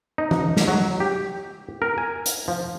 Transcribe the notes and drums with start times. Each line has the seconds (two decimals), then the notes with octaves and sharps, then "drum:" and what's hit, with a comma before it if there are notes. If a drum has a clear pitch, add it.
0.18 D#4
0.31 drum: tom E3
0.57 drum: snare
0.68 F#3
1.00 G4
1.82 A#4
1.98 G#5
2.26 drum: hi-hat
2.48 F3